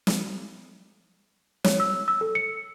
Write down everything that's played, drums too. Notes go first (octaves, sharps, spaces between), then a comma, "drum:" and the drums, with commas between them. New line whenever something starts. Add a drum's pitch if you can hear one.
drum: snare
C#5, drum: snare
E6
E6
A4
C#7